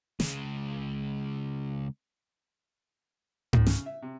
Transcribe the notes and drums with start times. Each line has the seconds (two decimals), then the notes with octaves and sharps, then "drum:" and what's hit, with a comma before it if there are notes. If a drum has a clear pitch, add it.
0.20 C#3 G#3, drum: snare
3.53 A2, drum: tom G#2
3.66 C#3, drum: snare
3.86 E5
4.02 C3